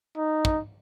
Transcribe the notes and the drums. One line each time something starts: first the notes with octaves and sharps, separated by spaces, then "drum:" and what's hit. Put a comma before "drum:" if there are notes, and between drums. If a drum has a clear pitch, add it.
D#4
drum: kick